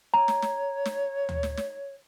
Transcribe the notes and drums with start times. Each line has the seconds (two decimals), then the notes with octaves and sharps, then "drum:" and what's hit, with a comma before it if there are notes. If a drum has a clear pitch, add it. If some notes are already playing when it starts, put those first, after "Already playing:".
0.14 C#5 A#5
0.28 drum: snare
0.42 drum: snare
0.85 drum: snare
1.29 drum: tom D2
1.43 drum: snare
1.57 drum: snare